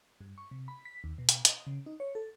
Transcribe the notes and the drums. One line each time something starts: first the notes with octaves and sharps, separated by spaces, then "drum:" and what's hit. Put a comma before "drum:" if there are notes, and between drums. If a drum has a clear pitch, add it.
G2
C#6
C3
B5
B6
D#2
B2
drum: hi-hat
D#5, drum: hi-hat
C#3
D#4
C#5
A4